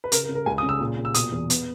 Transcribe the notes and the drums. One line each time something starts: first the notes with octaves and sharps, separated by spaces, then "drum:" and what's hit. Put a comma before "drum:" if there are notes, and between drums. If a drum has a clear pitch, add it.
B4
C#3 A#4, drum: hi-hat
A#4
C#3
A#4
C#2 G#5
D#6
C#3
E6
A#2
A#2
E6
B2 D#6, drum: hi-hat
E2
B3, drum: hi-hat